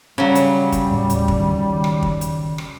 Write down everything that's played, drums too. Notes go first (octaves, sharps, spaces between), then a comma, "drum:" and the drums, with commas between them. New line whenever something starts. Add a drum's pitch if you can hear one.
C#3 F#3 G3 C#4
drum: hi-hat
drum: kick, hi-hat
D#2 A2
drum: hi-hat
drum: kick
D#3
drum: rim click
drum: kick
drum: hi-hat
drum: rim click